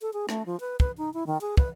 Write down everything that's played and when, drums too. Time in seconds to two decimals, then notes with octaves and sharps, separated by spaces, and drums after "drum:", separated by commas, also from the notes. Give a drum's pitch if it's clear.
0.01 A4
0.13 G#4
0.29 A3, drum: rim click
0.46 F3
0.60 B4
0.80 B4, drum: kick
0.98 D#4
1.14 E4
1.27 D#3
1.41 G#4
1.57 B4, drum: kick